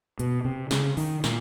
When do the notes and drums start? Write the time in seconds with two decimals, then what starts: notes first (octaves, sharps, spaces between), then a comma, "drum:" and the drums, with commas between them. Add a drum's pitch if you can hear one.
0.19 B2, drum: hi-hat
0.45 C3
0.71 C#3, drum: snare
0.97 D#3, drum: open hi-hat
1.24 A#2, drum: snare